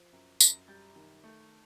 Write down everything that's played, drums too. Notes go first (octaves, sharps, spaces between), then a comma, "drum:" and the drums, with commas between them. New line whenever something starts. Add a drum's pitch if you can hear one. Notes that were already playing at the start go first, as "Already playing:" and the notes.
Already playing: F3
F#2
F#2, drum: tambourine
G3 G6 A6
D#3
A3